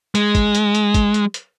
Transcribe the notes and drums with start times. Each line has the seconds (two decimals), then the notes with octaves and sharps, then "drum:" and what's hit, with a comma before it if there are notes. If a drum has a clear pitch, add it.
0.15 G#3, drum: hi-hat
0.35 drum: kick, hi-hat
0.55 drum: hi-hat
0.75 drum: hi-hat
0.94 drum: kick, hi-hat
1.14 drum: hi-hat
1.34 drum: hi-hat